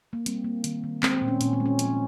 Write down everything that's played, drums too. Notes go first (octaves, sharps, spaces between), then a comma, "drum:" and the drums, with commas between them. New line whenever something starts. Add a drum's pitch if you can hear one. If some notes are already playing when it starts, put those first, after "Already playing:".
A#3
G3 C4, drum: hi-hat
A#3
D#3, drum: hi-hat
D#3
G#3 C4, drum: clap
C4
A#2
C#4
A#2 C#4, drum: hi-hat
C4
G#3
C#4
F3, drum: hi-hat